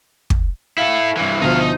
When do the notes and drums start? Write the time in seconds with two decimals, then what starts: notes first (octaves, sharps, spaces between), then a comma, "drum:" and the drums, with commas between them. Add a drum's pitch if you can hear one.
0.30 drum: kick
0.78 E4 A4 F5
1.17 G2 E3
1.41 D2 B2 F3 D#4 F5
1.59 D#4